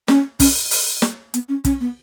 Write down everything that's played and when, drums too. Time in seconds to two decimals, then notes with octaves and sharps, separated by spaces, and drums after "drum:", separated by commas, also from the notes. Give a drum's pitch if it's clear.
0.08 C#4, drum: snare
0.40 C#4, drum: kick, open hi-hat
0.71 drum: open hi-hat
1.02 drum: snare
1.34 B3, drum: hi-hat
1.49 C#4
1.65 C#4, drum: kick, hi-hat
1.80 B3